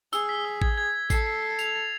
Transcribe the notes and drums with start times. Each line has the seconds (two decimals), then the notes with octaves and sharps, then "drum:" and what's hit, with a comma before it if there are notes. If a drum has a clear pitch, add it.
0.13 G#4 E6, drum: tambourine
0.29 B6
0.45 E6
0.62 G#6, drum: kick A1
0.78 G#6
0.94 G#6
1.10 A4 C7, drum: kick A1, tambourine
1.27 C7
1.43 C7
1.59 F7, drum: tambourine
1.75 A6